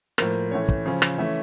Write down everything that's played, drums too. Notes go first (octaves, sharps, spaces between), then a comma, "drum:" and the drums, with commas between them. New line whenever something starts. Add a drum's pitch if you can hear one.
A2 F3 A#3 A#4, drum: rim click
A2 E3 A3 C#4 C#5
drum: kick
C#3 F3 C#4
drum: rim click
E3 A3 C#4 E5